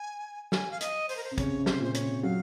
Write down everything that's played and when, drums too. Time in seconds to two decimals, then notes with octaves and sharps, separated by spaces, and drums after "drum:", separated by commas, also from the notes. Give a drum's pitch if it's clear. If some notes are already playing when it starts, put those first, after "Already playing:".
Already playing: G#5
0.52 G#5, drum: snare
0.71 F5
0.81 D#5, drum: hi-hat
1.09 C5, drum: open hi-hat
1.17 A#4
1.24 C5
1.31 C3
1.38 C#3 C#5, drum: kick, hi-hat
1.60 C3
1.66 C5, drum: snare
1.80 A#2 C5
1.94 C#5, drum: hi-hat
2.01 C3
2.23 F#3 F5